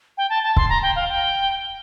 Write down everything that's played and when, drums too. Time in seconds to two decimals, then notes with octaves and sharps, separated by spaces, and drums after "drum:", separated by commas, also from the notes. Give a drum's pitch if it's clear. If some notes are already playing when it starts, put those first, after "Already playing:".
0.18 G5
0.30 A5
0.43 A5
0.56 C6, drum: kick C#1
0.69 A#5
0.82 G5
0.96 F5
1.09 G5